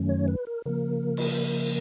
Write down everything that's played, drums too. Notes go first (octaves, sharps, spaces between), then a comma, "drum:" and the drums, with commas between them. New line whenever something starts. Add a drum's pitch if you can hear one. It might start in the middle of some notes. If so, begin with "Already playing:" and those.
Already playing: F#2 D#3 F#3 A3 C#4
C#5
B4
A#4
C#3 F3 A#3 A#4
drum: cymbal